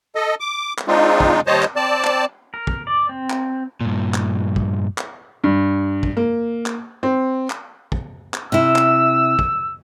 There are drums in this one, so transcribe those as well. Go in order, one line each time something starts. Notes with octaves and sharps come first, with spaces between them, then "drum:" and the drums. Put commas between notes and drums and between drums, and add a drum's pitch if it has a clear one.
A4 D#5
D6
drum: clap
G#3 C4 D4 D#4 F4
drum: kick
D#2 G3 C5 C#5 D#5 A5
drum: clap
C4 D5 A5
drum: clap
A#4
drum: kick
D5
C4
drum: clap
G2 A#2
drum: clap
drum: kick
drum: clap
G2
drum: kick
A#3
drum: clap
C4
drum: clap
drum: kick
drum: clap
C3 E4 E6
drum: clap
drum: kick